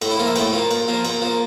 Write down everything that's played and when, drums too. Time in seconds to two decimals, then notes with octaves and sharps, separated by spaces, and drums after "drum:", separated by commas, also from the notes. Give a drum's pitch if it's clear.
0.02 A2, drum: cymbal
0.11 E4
0.19 F3 A#3 F4
0.27 E5
0.36 A2 G5, drum: cymbal
0.53 F3 A#3
0.71 A#2, drum: cymbal
0.88 F3 A#3
1.05 A#2, drum: cymbal
1.22 F3 A#3